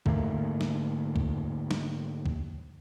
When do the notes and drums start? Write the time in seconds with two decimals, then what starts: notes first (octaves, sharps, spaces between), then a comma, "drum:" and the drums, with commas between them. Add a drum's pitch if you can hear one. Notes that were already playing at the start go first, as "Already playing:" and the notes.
0.06 G#2 D3 A3 A#3, drum: kick
0.61 drum: snare
1.16 drum: kick
1.71 drum: snare
2.26 drum: kick